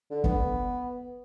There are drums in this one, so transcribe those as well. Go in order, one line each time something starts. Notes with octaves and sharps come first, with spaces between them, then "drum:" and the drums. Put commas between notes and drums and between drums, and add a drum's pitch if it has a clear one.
D3
B3, drum: kick G1